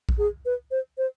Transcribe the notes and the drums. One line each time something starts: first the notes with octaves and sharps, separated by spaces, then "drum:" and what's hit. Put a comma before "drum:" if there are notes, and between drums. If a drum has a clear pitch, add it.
drum: kick A#1
G#4
B4
C5
C5